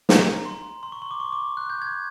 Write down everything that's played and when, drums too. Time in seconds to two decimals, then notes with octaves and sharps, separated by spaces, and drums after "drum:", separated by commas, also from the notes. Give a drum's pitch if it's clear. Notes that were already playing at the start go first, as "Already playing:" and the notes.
0.09 A#5, drum: snare
0.27 A#5
0.46 C6
0.83 C6
0.92 C#6
1.02 C6
1.11 D6
1.20 C#6
1.32 D6
1.57 F#6
1.70 G6
1.82 G#6